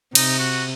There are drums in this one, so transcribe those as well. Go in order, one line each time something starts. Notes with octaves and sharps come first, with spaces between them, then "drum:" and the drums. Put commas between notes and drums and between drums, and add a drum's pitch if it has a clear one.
C3 D#4, drum: cymbal
F#4